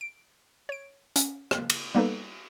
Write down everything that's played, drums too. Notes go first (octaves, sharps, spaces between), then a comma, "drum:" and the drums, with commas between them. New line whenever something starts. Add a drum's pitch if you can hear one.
D7
C#5 D7
C#4, drum: hi-hat
drum: rim click
drum: cymbal
G3 A#3 B3 D#4 A4 B4